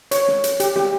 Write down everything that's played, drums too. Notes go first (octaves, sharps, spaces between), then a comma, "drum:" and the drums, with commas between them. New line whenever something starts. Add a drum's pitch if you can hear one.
C#5, drum: hi-hat
drum: snare
drum: hi-hat
G4, drum: hi-hat
G4, drum: snare